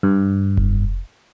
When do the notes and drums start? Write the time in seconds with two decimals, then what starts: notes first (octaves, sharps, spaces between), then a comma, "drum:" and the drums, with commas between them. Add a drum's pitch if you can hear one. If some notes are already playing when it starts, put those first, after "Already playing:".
0.03 G2
0.57 drum: kick F1